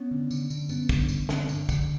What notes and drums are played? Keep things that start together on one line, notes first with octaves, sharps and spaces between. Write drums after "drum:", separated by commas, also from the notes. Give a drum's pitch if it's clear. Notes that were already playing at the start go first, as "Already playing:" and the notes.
Already playing: B3 C#4
D3
D3, drum: tambourine
D3, drum: tambourine
G2 B3 C#4, drum: tambourine
D3, drum: kick, tambourine
G2, drum: tambourine
D3, drum: snare
D3, drum: tambourine
D3, drum: kick, tambourine